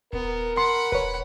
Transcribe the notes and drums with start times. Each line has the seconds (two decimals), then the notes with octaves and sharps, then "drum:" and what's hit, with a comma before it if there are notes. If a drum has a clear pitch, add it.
0.13 B3 A#4, drum: kick D#1
0.57 F#5 B5 C6
0.92 B4 C#5, drum: kick D#1